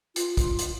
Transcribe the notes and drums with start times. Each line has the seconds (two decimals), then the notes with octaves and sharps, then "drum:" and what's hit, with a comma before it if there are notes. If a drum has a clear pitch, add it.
0.16 F4, drum: hi-hat
0.37 drum: kick, hi-hat
0.59 drum: hi-hat